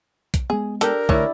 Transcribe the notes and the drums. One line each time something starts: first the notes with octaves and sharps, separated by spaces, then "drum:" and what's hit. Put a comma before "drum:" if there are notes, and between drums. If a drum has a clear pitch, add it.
drum: kick B1, hi-hat
G#3 B3 G#4
D4 G4 A4 A#4, drum: hi-hat
D3 E3 A3 E4 C#5 D5, drum: kick B1